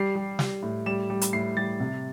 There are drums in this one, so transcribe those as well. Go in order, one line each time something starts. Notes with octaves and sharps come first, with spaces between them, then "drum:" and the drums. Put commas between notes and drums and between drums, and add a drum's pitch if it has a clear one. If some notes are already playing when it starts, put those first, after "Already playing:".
Already playing: G3 C7
G3
G3, drum: snare
A2
G3 E7
G3
drum: hi-hat
A2 C7
G3 A6
C3